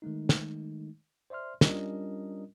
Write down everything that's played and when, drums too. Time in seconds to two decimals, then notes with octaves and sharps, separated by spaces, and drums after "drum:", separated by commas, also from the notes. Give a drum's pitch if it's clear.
0.02 D#3 G#3 A3 D#4
0.29 drum: snare
1.30 C5 D5 E5 C6 F6
1.61 G3 C#4 D4 F4 A#4 D#5, drum: snare